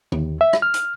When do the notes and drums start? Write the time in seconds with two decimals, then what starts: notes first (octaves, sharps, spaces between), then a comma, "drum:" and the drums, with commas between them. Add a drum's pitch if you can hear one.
0.12 D#2, drum: tom D3
0.41 E5
0.53 drum: rim click
0.62 F6
0.74 drum: hi-hat